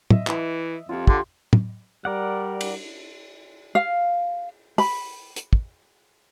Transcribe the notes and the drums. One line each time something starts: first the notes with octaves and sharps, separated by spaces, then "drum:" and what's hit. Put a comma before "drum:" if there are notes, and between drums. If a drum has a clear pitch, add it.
D#5 E5, drum: tom
E3, drum: clap
F2 F4 G4
D3 G4 C6, drum: kick
drum: tom
G3 A#4 D5 F#5
drum: cymbal
F5
B5, drum: open hi-hat
drum: hi-hat
drum: kick